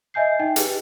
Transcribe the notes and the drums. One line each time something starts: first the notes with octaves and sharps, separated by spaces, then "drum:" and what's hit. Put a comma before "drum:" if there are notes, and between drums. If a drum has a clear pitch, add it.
D#5 E5 G#5 G6 C7
D#4 G5
G4 G#4 B4, drum: hi-hat